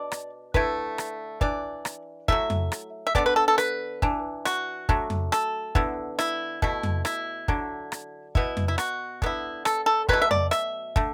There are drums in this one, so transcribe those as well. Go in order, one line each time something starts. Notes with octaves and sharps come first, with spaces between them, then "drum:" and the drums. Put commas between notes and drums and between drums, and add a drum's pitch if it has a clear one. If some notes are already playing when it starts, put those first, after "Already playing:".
Already playing: B2 B3 D4 D5
drum: rim click
D3 A3 E4 B4, drum: kick
drum: rim click
E3 D4 D5, drum: kick
drum: rim click
F#3 A3 E4 E5, drum: kick
drum: tom F2
drum: rim click
E5
D3 B3 D4 D5, drum: kick
B4
A4
A4
B4, drum: rim click
E3 D4, drum: kick
F#4, drum: rim click
F#3 A3 D4, drum: kick
drum: tom F2
A4, drum: rim click
D3 B3 E4, drum: kick
E4, drum: rim click
B2 A3 E4, drum: kick
drum: tom F2
E4, drum: rim click
D3 F#3 D4, drum: kick
drum: rim click
B2 B3 E4, drum: kick
drum: tom F2
E4
F#4, drum: rim click
D3 B3 E4, drum: kick
A4, drum: rim click
A4
B2 F#3 A3 E4 B4, drum: kick
E5
D5, drum: tom F2
E5, drum: rim click
D3 A3, drum: kick